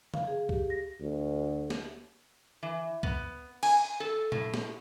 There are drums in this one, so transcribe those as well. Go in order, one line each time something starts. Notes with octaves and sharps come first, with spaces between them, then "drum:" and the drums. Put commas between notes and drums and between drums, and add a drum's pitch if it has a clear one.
F5, drum: tom C#3
G#4
G4, drum: kick C2
A#6
D2
drum: snare
E3
B3, drum: kick C2
G#5, drum: cymbal
A4
A2, drum: tom A#2
drum: snare